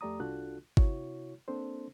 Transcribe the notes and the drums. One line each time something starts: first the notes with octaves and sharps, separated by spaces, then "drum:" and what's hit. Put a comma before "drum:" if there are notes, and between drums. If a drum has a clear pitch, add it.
F2 A3 G4 D5 A#5 D#6
C2 D4 F4 F#4 A4 F#6
C3 E4 F#4 C#5, drum: kick
A#3 C4 D4 A4 C5